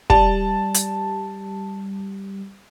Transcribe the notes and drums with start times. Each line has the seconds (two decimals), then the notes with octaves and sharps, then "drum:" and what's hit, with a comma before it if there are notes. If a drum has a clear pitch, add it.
0.10 G3 A5, drum: kick
0.74 drum: hi-hat